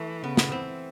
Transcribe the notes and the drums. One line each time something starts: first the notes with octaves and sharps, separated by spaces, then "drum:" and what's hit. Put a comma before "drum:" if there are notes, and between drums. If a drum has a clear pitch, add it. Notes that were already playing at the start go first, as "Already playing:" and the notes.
Already playing: E3 A3
C#3 B3
drum: snare
E3 C4